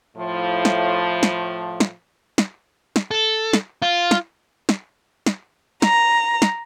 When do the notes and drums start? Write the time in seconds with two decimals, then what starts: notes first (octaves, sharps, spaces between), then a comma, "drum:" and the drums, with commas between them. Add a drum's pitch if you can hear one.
0.16 A2 F3
0.65 drum: snare
1.23 drum: snare
1.80 drum: snare
2.38 drum: snare
2.96 drum: snare
3.11 A4
3.53 drum: snare
3.82 F4
4.11 drum: snare
4.69 drum: snare
5.26 drum: snare
5.82 A#5, drum: snare
6.42 drum: snare